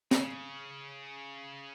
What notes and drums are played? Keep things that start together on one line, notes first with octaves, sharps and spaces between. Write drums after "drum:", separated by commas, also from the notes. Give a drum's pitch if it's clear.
C3, drum: snare
C#3